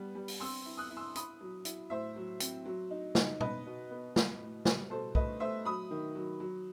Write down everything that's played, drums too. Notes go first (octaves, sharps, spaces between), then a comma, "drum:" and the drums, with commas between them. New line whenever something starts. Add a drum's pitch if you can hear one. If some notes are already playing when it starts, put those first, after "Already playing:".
Already playing: G3 B3
G3
drum: open hi-hat
C4 C6 E6
E4
D#6 F#6
E4
C6 E6
E4 B5 D#6, drum: hi-hat
F#3
E4, drum: hi-hat
A2 C5 E5
F#3
C4, drum: hi-hat
F#3
D#4
D#4, drum: snare
B3 B4 D#5, drum: tom B2
B2
B3
A2, drum: snare
A2
G3, drum: snare
B2 A4 C5
A3 B4 D#5, drum: kick
A3 C5 E5
F#3 B5 D#6
D#3
F#3
F#3